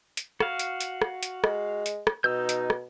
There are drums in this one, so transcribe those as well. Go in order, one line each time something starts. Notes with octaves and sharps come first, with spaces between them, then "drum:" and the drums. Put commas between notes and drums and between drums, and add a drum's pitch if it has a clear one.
drum: hi-hat
F#4 F5, drum: rim click
drum: hi-hat
drum: hi-hat
drum: rim click
drum: hi-hat
G#3, drum: rim click
drum: hi-hat
drum: rim click
B2 D#4 E6 G6
drum: hi-hat
drum: rim click